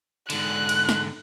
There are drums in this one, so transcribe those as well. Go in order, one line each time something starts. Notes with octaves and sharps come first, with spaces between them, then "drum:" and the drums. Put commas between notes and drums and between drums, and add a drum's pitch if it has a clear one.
G#2 D3 F#6, drum: cymbal
drum: cymbal
drum: snare